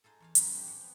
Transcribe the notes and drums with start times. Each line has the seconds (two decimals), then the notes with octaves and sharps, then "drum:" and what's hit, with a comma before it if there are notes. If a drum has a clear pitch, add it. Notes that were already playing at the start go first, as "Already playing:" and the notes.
0.04 D#4 F4 G#4 A4
0.20 E2 F4 F5
0.35 F#2 A2 D#3 B4 C#5 D#5, drum: hi-hat
0.55 C4 D4 E4 G4
0.66 G#3 F4 F#5
0.81 B3 G5